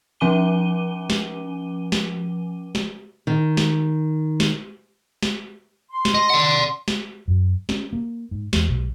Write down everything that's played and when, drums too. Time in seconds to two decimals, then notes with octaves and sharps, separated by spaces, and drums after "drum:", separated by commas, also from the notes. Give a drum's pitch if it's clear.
0.20 F3 C#4 G#5 D6 D#7 G7
1.10 drum: snare
1.92 drum: snare
2.75 drum: snare
3.27 D#3
3.57 drum: snare
4.40 drum: snare
5.23 drum: snare
5.91 C6
6.05 drum: snare
6.15 D#5
6.30 D5 F#5
6.88 drum: snare
7.28 F#2
7.69 C#4, drum: snare
7.93 A#3
8.31 G#2
8.53 E2, drum: snare
8.69 B1